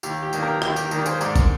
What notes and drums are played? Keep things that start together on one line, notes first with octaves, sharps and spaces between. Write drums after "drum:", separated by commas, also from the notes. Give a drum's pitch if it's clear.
D#2 G4, drum: tambourine
G4
D#3 A#3 D4, drum: tambourine
G4 A#4
D#2 G4, drum: rim click
G4, drum: tambourine
D#3 A#3 D4 G4 A#4, drum: tambourine
G#4 C5, drum: tambourine
G#2 A#4 D5, drum: tambourine
drum: kick, tambourine